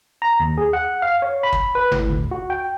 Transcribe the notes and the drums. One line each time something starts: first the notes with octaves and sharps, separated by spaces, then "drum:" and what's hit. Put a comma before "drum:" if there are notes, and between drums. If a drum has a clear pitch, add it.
A#5
D#2
G#4
F#5
F5
C#5
B5
drum: kick
B4
A2, drum: tom G1
D2
F#4
G5